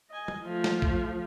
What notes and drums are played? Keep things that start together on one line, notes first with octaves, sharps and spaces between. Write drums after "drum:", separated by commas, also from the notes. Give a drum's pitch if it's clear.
D#5 G#5
drum: tom
F3 A3
drum: snare
drum: kick